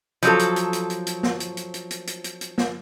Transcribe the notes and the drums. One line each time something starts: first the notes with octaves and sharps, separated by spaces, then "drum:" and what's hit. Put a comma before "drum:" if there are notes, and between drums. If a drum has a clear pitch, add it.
F3 F#3 A4, drum: hi-hat
drum: hi-hat
drum: hi-hat
drum: hi-hat
drum: hi-hat
drum: hi-hat
drum: snare
drum: hi-hat
drum: hi-hat
drum: hi-hat
drum: hi-hat
drum: hi-hat
drum: hi-hat
drum: hi-hat
drum: snare